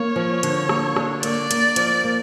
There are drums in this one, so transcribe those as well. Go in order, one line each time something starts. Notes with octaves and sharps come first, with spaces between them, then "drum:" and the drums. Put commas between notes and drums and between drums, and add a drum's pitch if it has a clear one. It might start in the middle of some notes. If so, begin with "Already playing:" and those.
Already playing: A#3 C#5
F3
D3, drum: hi-hat
A#3, drum: rim click
D3, drum: rim click
A#3 D5, drum: hi-hat
A#3, drum: hi-hat
F3, drum: hi-hat
A#3